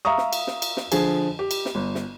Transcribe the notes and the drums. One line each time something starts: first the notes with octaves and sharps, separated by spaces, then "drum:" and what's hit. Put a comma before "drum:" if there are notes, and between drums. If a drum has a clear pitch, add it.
E5 F5 A#5 C#6 D#6
drum: snare
drum: cymbal
drum: snare
drum: cymbal
drum: snare
D3 F3 G#4, drum: cymbal
G4
drum: cymbal
drum: snare
G1
drum: snare